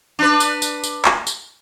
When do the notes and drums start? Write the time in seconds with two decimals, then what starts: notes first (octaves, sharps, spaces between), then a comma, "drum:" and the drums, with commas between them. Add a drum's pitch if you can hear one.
0.19 D4 B4
0.40 drum: tambourine
0.62 drum: tambourine
0.84 drum: tambourine
1.05 drum: clap
1.27 drum: tambourine